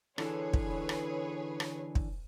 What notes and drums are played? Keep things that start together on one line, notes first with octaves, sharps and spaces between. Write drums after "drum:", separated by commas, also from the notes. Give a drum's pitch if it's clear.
D3 E3 G#4 A4 B4 C#5, drum: rim click
drum: kick
drum: rim click
drum: rim click
drum: kick